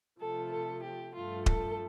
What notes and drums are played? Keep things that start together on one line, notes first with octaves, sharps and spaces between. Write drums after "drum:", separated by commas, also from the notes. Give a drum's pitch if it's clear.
C3 F3 A3 A4
A4
G4
G2 F3 A3 F4
A4, drum: kick D#1